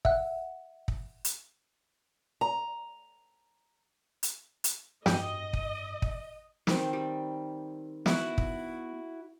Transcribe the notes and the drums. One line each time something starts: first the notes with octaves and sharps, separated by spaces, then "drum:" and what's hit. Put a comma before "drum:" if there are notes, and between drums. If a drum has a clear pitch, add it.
E5 F#5, drum: kick
drum: kick
drum: hi-hat
A#5
drum: hi-hat
drum: hi-hat
G2 G4 D#5, drum: snare
drum: kick
drum: kick
D#3 C4, drum: snare
G3
B3 E4 F#4, drum: snare
drum: kick